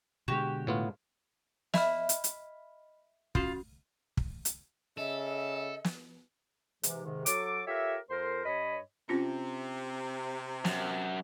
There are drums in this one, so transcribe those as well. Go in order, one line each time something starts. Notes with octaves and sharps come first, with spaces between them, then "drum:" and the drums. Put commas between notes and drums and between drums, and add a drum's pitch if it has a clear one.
B2 D3 G#3 F#4 G4
A2 B3 F4
D#5 E5 B5 F6, drum: snare
drum: hi-hat
drum: hi-hat
C#4 F4 F#4, drum: kick
drum: kick
drum: hi-hat
C#3 A4 D#5 E5
drum: snare
G#2 C3 E3, drum: hi-hat
G#2 C3 D#3
F#3 A4 D6, drum: hi-hat
F4 G4 A4 A#4 C#5 E5
F2 A#4 C5 C6
G2 C#5 D#5 B5
C3 C4 C#4 F4
F#2, drum: snare